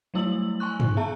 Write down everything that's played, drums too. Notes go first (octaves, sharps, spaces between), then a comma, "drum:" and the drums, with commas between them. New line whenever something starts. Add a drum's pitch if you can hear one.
F#3 G3 A3 E4 E6 F#7
G#5 C6 C#6 F#6
drum: tom G2
B3 G#4 E5 A5 A#5